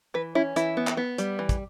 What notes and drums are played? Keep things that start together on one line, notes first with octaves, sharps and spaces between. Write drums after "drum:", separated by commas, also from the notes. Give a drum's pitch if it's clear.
E3 B4
C#4 E4
E3 E4, drum: hi-hat
B3
drum: clap
B3
G3, drum: hi-hat
E3
drum: kick, hi-hat